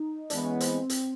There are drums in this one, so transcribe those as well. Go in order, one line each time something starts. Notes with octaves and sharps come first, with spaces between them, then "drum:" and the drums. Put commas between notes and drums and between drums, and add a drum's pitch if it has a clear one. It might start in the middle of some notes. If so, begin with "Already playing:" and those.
Already playing: D#4
E3 G#3 B3 D4, drum: hi-hat
C#4
C4, drum: hi-hat
drum: hi-hat